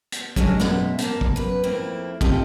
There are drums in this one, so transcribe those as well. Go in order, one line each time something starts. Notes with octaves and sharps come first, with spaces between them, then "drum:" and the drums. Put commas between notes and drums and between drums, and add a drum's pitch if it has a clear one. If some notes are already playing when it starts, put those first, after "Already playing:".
drum: hi-hat
F#3 G#3 A3 C#4 D4, drum: kick
F#2 B2 G#3 E5, drum: snare
A#3 A5, drum: hi-hat
drum: kick
F#2 B4
F2 A3 A#3 C4 E4
G#2 A3 C4 F4 G4 D#5, drum: kick